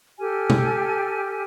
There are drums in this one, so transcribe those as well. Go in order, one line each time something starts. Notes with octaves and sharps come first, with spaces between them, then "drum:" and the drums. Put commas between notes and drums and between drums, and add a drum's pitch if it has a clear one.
G4 A4 G#5 F6
drum: tom